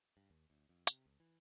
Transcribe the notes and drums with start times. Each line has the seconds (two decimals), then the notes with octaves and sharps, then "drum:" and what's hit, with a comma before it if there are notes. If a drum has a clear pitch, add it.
0.17 G2
0.30 D#2
0.50 D2
0.69 F2
0.87 C3, drum: hi-hat
1.06 C#2
1.20 E3